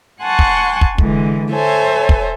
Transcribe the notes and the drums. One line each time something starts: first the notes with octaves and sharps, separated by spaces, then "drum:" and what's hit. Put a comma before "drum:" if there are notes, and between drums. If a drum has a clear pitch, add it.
F#5 G#5 A5 C6 C#6 F#6
drum: kick
drum: kick
D3 E3 G#3, drum: kick
A4 C5 C#5 E5 G#5
drum: kick